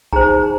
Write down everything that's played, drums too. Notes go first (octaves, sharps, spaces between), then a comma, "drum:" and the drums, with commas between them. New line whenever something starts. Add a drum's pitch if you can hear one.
D#4 G#4 C5 A#5, drum: kick